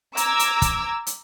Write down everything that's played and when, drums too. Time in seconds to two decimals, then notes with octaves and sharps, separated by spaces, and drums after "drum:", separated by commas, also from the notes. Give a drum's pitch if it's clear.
0.17 A#5 D6 E6 G#6, drum: hi-hat
0.39 drum: hi-hat
0.62 drum: kick, hi-hat
1.07 drum: hi-hat